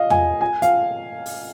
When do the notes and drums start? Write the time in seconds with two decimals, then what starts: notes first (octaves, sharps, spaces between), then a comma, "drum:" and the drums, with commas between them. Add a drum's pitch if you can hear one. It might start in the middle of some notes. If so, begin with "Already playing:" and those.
Already playing: D#5 F5
0.10 G#5, drum: tom E2
0.41 G#5
0.62 F5, drum: hi-hat
1.26 drum: open hi-hat